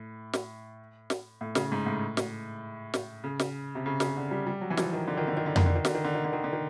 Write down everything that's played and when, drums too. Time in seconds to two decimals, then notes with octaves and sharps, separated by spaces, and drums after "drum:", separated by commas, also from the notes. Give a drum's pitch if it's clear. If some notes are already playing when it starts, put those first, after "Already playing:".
Already playing: A2
0.33 drum: snare
1.10 drum: snare
1.41 A2
1.55 C#3, drum: snare
1.72 G#2
1.86 A2
2.17 drum: snare
2.94 drum: snare
3.24 C#3
3.39 drum: snare
3.75 C3
3.86 C#3
4.00 C#3, drum: snare
4.17 D3
4.31 G3
4.47 G3
4.61 F#3
4.70 E3
4.77 F3, drum: snare
4.93 D#3
5.07 D3
5.17 D#3
5.28 D3
5.37 D#3
5.46 D3
5.56 D#3, drum: tom F2
5.66 D3
5.75 D#3
5.85 D3, drum: snare
5.95 D#3
6.04 D3
6.15 D#3
6.24 D3
6.33 D#3
6.44 D3
6.53 D#3